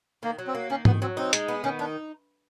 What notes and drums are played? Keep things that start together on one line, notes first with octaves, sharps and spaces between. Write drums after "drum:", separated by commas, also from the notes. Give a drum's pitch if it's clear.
D#3 A#3
F#3
C4
A#3
D#3 C#4
D#3 B3, drum: tom G#2
F#3 C4
C4 D#4
G#3, drum: hi-hat
B3
D#3 C#4
D4 D#4